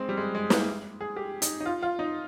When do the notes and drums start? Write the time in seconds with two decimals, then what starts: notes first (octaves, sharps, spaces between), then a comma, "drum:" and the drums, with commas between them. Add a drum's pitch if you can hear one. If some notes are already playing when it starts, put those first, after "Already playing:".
Already playing: G#3 C4
0.09 G3
0.17 G#3
0.35 G#3
0.50 A#3, drum: snare
1.01 G#4
1.16 G4
1.42 D#4, drum: hi-hat
1.60 D#4
1.66 F4
1.82 F4
1.99 D#4